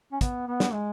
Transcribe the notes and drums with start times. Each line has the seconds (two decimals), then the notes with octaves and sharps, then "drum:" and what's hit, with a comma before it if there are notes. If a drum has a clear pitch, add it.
0.12 C#4
0.21 B3, drum: kick, hi-hat
0.47 B3
0.60 drum: snare
0.73 G#3